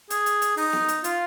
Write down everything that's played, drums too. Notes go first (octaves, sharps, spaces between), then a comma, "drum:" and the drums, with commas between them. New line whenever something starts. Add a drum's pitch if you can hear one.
G#4, drum: hi-hat
drum: hi-hat
drum: hi-hat
D#4, drum: open hi-hat
drum: snare
drum: hi-hat
F4, drum: hi-hat